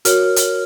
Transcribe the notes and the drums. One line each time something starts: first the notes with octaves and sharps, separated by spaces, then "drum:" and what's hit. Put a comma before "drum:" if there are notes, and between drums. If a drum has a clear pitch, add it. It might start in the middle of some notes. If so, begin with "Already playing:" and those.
F#4 A#4 C#5 F6, drum: hi-hat
drum: hi-hat